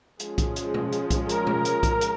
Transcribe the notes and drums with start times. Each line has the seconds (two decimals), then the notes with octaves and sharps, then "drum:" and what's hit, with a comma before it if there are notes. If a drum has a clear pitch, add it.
0.20 F3 G#3 C#4 G#4, drum: hi-hat
0.38 drum: kick B1, hi-hat
0.56 drum: hi-hat
0.74 drum: tom
0.92 drum: hi-hat
1.10 drum: kick B1, hi-hat
1.29 A#4, drum: hi-hat
1.47 drum: tom
1.65 drum: hi-hat
1.83 drum: kick B1, hi-hat
2.01 drum: hi-hat